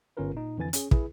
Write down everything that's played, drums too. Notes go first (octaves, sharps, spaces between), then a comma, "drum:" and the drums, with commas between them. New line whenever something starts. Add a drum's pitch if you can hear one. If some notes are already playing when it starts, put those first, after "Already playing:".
G1 D3 C#4 F4 A#4 B4
A#2 D#4
F2 D3 E3 G#5 A6
C#4 G#4, drum: hi-hat
E4 G#4 B4, drum: kick